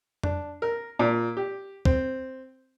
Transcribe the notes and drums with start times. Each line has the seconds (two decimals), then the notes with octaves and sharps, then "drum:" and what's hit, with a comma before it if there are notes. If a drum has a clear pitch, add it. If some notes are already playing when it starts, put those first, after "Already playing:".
0.23 D4, drum: tom F2
0.62 A#4
0.99 A#2
1.37 G4
1.85 C4, drum: kick